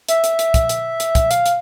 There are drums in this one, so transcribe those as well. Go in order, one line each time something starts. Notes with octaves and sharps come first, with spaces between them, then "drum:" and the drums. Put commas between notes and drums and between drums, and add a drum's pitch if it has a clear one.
E5, drum: hi-hat
drum: hi-hat
drum: hi-hat
drum: kick, hi-hat
drum: hi-hat
drum: hi-hat
drum: kick, hi-hat
F5, drum: hi-hat
drum: hi-hat